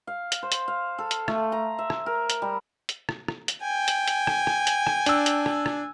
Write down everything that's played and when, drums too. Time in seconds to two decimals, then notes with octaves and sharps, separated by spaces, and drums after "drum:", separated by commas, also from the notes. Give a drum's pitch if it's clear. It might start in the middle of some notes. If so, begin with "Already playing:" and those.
0.07 F5
0.32 drum: hi-hat
0.42 C5
0.52 drum: hi-hat
0.68 F5
0.98 A4
1.11 drum: hi-hat
1.28 A3, drum: rim click
1.52 A#5
1.79 E5
1.90 drum: rim click
2.06 A#4
2.30 drum: hi-hat
2.42 G3
2.89 drum: hi-hat
3.09 drum: rim click
3.28 drum: rim click
3.48 drum: hi-hat
3.63 G5 G#5
3.88 drum: hi-hat
4.08 drum: hi-hat
4.27 drum: rim click
4.47 drum: rim click
4.67 drum: hi-hat
4.87 drum: rim click
5.06 D4 E6, drum: hi-hat
5.26 drum: hi-hat
5.46 drum: rim click
5.66 drum: rim click